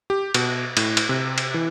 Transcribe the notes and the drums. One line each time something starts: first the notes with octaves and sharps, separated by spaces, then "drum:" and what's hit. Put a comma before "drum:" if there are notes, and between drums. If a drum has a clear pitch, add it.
G4
B2, drum: cymbal
A2, drum: cymbal
drum: cymbal
C3
drum: cymbal
E3